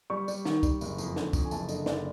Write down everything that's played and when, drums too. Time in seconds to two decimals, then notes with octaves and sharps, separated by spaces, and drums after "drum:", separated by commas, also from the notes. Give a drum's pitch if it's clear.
0.10 G3 C#6
0.28 G3, drum: tambourine
0.45 D#3, drum: snare
0.63 G3, drum: kick, tambourine
0.81 F#1, drum: tambourine
0.98 F2, drum: tambourine
1.16 D3, drum: snare
1.33 F2, drum: kick, tambourine
1.45 G#5
1.51 F#1 A5, drum: tambourine
1.69 D3 D#5, drum: tambourine
1.86 F#1 D5, drum: snare